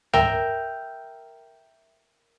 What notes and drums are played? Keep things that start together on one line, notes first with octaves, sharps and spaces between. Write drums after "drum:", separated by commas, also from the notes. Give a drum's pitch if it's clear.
A#4 E5 G5, drum: tom